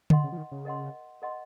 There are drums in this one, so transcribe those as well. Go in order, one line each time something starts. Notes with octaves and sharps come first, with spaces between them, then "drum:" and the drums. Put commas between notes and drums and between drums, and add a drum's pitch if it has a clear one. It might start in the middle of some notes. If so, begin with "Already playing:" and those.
C3 A#4 D#5 F#5 C6, drum: tom D3
C#3
F3
D#3
C#3
A#4 D#5 F#5 C6
A#4 D#5 F#5 C6